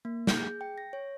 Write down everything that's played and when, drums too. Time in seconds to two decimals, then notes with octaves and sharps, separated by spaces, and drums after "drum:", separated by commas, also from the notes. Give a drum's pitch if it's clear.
0.05 A#3
0.27 G6, drum: snare
0.43 G#4
0.61 G5
0.78 A#6
0.93 C#5